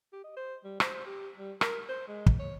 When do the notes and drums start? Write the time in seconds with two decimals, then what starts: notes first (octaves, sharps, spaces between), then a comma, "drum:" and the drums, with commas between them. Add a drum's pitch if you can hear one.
0.13 G4
0.24 D#5
0.37 C5
0.64 G3
0.80 C5, drum: rim click
1.06 G4
1.38 G3
1.61 A#4, drum: rim click
1.89 C5
2.08 G#3
2.26 drum: kick
2.39 C#5